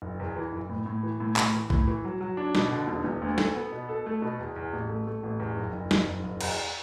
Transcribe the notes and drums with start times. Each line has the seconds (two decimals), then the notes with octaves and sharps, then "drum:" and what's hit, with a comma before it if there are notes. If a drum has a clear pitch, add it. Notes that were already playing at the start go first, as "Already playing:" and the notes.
0.02 F#1
0.19 E2
0.36 E3
0.52 F#1
0.69 A2
0.86 A2
1.03 E3
1.20 A2
1.36 A2, drum: clap
1.54 E3
1.70 A2, drum: kick
1.87 E3
2.05 F#3
2.21 F#3
2.37 D4
2.55 B2, drum: snare
2.72 D3
2.87 E1
3.04 E1
3.22 D2
3.38 A4, drum: snare
3.55 B3
3.72 B2
3.89 A4
4.06 A3
4.22 B2
4.39 E2
4.56 E2
4.73 A1
4.89 A3
5.07 A3
5.23 A1
5.40 E2
5.57 F#1
5.73 F#1
5.91 F#1, drum: snare
6.07 F#1
6.24 F#1
6.41 E2, drum: cymbal